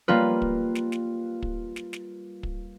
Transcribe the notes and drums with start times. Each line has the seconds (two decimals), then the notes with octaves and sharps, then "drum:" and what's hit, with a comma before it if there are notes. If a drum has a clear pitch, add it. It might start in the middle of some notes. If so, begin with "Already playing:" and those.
0.08 G3 A#3 F4 B4
0.42 drum: kick
0.75 drum: snare
0.92 drum: snare
1.42 drum: kick
1.76 drum: snare
1.93 drum: snare
2.43 drum: kick